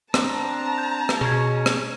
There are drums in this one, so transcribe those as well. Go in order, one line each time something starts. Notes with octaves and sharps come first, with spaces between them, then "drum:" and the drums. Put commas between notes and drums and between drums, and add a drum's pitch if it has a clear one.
C4 D4 A5 A#5, drum: rim click
G6
drum: rim click
B2 C#4 G#4 C#6 G#6
drum: rim click